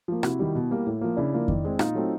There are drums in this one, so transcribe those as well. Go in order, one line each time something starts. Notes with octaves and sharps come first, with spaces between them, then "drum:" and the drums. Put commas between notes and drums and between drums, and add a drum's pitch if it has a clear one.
F3 A#3
C3 E4 F#4, drum: rim click
D#3 G3
B2
G3 A#3
A2
F3 A#3
C#3 D4 E4
F3 A#3
D#3, drum: kick F2
G#3 C4
A#2 D#4 F4, drum: rim click
F#3 A3 C4